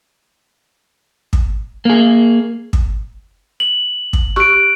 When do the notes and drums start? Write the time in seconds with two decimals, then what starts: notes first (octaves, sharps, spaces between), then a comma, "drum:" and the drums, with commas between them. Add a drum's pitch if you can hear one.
1.33 drum: kick
1.85 A#3 G#4
2.73 drum: kick
3.60 F#7
4.13 drum: kick
4.36 G4 C#6 F#6 D7